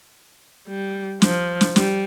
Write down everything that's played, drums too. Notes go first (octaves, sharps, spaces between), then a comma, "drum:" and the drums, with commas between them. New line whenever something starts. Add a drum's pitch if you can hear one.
G3
F3, drum: snare
drum: snare
G3, drum: snare